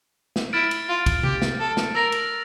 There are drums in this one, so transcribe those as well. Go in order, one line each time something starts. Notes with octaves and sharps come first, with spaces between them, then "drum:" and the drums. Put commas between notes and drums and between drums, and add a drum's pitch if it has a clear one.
drum: snare
E4 F6 A6 D7
drum: cymbal
F4
drum: kick, cymbal
G4, drum: tom C3
drum: snare
A4
drum: snare
A#4 E6 A#6 F7
drum: cymbal